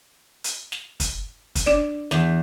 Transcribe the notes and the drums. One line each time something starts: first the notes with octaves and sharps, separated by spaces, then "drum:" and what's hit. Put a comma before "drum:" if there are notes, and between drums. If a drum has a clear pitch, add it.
drum: hi-hat
drum: snare
drum: kick, hi-hat
drum: kick, hi-hat
D4 D5
E2, drum: snare